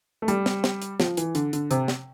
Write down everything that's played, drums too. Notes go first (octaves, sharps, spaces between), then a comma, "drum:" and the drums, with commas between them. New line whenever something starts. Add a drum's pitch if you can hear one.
A3
G3, drum: hi-hat
drum: snare
drum: snare
drum: hi-hat
F3, drum: snare
E3, drum: hi-hat
D3, drum: hi-hat
D3, drum: hi-hat
C3, drum: hi-hat
drum: snare